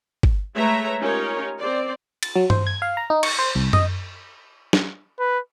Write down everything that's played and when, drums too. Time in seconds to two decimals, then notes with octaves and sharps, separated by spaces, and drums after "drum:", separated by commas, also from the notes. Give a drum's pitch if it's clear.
0.23 drum: kick G1
0.56 G#3 A3 B4 C#5 E5 A#5
1.01 C#4 D#4 F4 G4 A#4 C#5
1.60 C4 C5 D5
2.23 A6, drum: cymbal
2.36 F#3
2.50 C5, drum: tom G2
2.67 G#6
2.82 F5
2.97 A#5
3.10 D#4
3.23 C#6, drum: cymbal
3.39 C5
3.55 C2
3.73 D#5, drum: tom F#2
4.73 drum: snare
5.20 B4